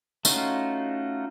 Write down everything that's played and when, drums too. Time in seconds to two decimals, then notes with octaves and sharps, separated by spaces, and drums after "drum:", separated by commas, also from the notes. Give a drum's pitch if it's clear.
0.25 A3 C#4 D#4 F4 F#4, drum: tambourine